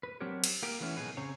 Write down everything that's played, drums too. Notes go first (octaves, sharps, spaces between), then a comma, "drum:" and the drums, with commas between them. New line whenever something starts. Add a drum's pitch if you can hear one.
B4
F#3 C4 D4 G4 A#4 C#5
drum: cymbal
A#3 G4 A#4
E3 A3 B3 C#4 E4
B2 D#3 F#3 B3 G#4 B4
C#3 C4 G#4 C#5 A#5